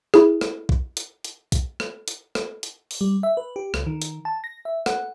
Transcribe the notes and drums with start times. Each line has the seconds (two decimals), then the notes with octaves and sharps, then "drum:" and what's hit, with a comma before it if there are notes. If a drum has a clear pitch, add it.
0.14 E4 G#4, drum: rim click
0.41 drum: rim click
0.69 drum: kick
0.97 drum: hi-hat
1.25 drum: hi-hat
1.52 drum: kick, hi-hat
1.80 drum: rim click
2.08 drum: hi-hat
2.35 drum: rim click
2.63 drum: hi-hat
2.91 drum: open hi-hat
3.01 G3
3.23 E5
3.37 B4
3.56 G4
3.74 C#2, drum: rim click
3.87 D#3
4.02 drum: hi-hat
4.25 A5
4.44 A#6
4.65 E5
4.86 F#5, drum: rim click